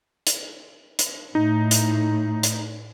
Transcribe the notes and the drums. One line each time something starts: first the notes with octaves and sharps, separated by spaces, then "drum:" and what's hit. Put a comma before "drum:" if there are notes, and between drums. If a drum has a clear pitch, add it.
drum: hi-hat
drum: hi-hat
A2 D#4
drum: hi-hat
drum: hi-hat